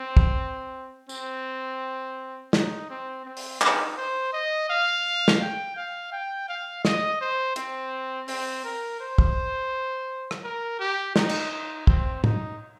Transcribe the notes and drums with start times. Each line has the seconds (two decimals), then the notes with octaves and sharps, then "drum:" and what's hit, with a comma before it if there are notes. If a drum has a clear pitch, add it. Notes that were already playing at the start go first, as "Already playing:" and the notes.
Already playing: C4
0.17 drum: kick
1.09 C4, drum: tambourine
2.53 D#4, drum: snare
2.90 C4
3.25 C4
3.37 drum: open hi-hat
3.61 D#4, drum: clap
3.97 C5
4.33 D#5
4.69 F5
5.28 drum: snare
5.41 G5
5.76 F5
6.12 G5
6.49 F5
6.85 D#5, drum: snare
7.21 C5
7.56 C4, drum: hi-hat
8.28 C4, drum: open hi-hat
8.64 A#4
9.01 C5
9.18 drum: kick
10.31 drum: rim click
10.44 A#4
10.80 G4
11.16 D#4, drum: snare
11.29 drum: cymbal
11.52 D#4
11.87 C4, drum: kick
12.24 D#4, drum: tom